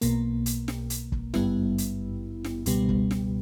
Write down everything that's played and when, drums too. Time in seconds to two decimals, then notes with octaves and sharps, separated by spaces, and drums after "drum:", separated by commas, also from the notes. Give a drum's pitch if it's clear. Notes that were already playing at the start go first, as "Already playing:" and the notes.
0.01 B1 B2 A#3, drum: hi-hat
0.46 drum: hi-hat
0.68 drum: snare
0.90 drum: hi-hat
1.12 drum: kick
1.34 G#1 G2 G3 B3 E4, drum: snare
1.78 drum: hi-hat
2.44 drum: snare
2.66 C#2 B2 G3 B3, drum: hi-hat
2.89 drum: kick
3.11 drum: snare